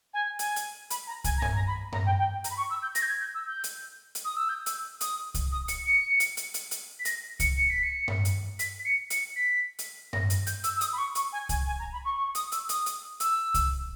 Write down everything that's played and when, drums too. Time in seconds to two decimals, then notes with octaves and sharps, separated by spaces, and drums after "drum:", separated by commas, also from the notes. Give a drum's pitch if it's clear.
0.14 G#5
0.39 G#5, drum: hi-hat
0.56 drum: hi-hat
0.90 B5, drum: hi-hat
1.07 A#5
1.24 G#5, drum: kick C2, hi-hat
1.37 A#5
1.42 G#5, drum: tom G2
1.55 A#5
1.67 B5
1.92 A#5, drum: tom G2
2.06 G5
2.19 G5
2.44 A#5, drum: hi-hat
2.50 B5
2.57 C#6
2.70 E6
2.82 G6
2.95 A#6, drum: hi-hat
3.02 G6
3.08 G#6
3.21 G6
3.34 E6
3.47 G6
3.64 drum: hi-hat
4.15 drum: hi-hat
4.25 D#6
4.36 E6
4.49 G6
4.66 E6, drum: hi-hat
5.01 D#6, drum: hi-hat
5.34 drum: kick C2, hi-hat
5.52 D#6
5.68 C#7, drum: hi-hat
5.86 C#7
6.20 drum: hi-hat
6.37 drum: hi-hat
6.54 drum: hi-hat
6.71 drum: hi-hat
6.99 B6
7.05 A#6, drum: hi-hat
7.40 C#7, drum: kick C2, hi-hat
7.57 C#7
7.70 B6
7.83 C#7
8.08 drum: tom G2
8.25 drum: hi-hat
8.59 B6, drum: hi-hat
8.79 B6
8.85 C#7
9.10 C#7, drum: hi-hat
9.36 B6
9.79 drum: hi-hat
10.13 A#6, drum: tom G2
10.30 drum: hi-hat
10.47 G6, drum: hi-hat
10.64 E6, drum: hi-hat
10.77 E6
10.81 D#6, drum: hi-hat
10.93 B5
10.98 C#6
11.15 C#6, drum: hi-hat
11.32 G#5
11.49 G#5, drum: kick C2, hi-hat
11.67 G#5
11.79 A#5
11.92 B5
12.05 C#6
12.18 C#6
12.35 D#6, drum: hi-hat
12.52 E6, drum: hi-hat
12.69 D#6, drum: hi-hat
12.86 drum: hi-hat
13.20 E6, drum: hi-hat
13.54 drum: kick C2, hi-hat